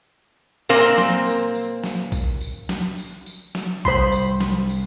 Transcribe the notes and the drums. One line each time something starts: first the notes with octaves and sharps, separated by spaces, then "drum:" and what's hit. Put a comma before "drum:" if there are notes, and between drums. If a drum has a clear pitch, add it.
A#2 A#3 C4
drum: snare
drum: tambourine
drum: tambourine
drum: snare
drum: kick A#1, tambourine
drum: tambourine
drum: snare
drum: tambourine
drum: tambourine
drum: snare
C2 G3 C5 B5 C6, drum: kick A#1
drum: tambourine
drum: snare
drum: tambourine